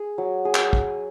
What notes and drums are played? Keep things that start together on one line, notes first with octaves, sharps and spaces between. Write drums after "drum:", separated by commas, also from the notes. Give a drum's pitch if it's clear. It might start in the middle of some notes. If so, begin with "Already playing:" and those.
Already playing: G#4
F#3
G#4
drum: clap
drum: kick